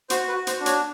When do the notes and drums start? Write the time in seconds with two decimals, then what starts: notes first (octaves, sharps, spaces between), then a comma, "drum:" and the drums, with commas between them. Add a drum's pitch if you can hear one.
0.10 F#4 C5, drum: hi-hat
0.29 B4
0.36 F#4
0.47 C5, drum: hi-hat
0.60 D4
0.66 C#5, drum: hi-hat